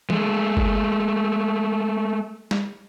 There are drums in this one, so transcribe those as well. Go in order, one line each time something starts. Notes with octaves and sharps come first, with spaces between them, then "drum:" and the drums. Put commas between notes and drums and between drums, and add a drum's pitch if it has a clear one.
G#3 A3, drum: tom E3
drum: kick F#1
drum: snare